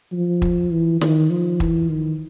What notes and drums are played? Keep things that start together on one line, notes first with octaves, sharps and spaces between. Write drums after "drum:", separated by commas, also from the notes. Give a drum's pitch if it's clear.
F3
drum: kick
E3
D#3, drum: snare
F3
E3, drum: kick
D#3